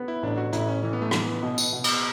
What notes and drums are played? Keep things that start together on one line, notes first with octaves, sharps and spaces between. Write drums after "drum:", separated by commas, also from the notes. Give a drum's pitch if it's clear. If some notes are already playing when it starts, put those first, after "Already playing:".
Already playing: B3
E4
A1 D4
F#4
A1 E4, drum: hi-hat
C#4
E3 C#4
B3
A3
E3 B3, drum: rim click
B2
drum: tambourine
B2
drum: cymbal